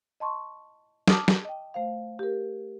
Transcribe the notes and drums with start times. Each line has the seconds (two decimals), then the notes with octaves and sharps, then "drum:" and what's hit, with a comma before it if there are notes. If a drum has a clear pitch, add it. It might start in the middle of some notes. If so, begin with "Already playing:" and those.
0.20 D#5 A5 C6 C#6
1.08 A5 D6 D#6 F6, drum: snare
1.28 drum: snare
1.45 D#5 G5
1.74 A3 C5 F5
2.19 G4 A#4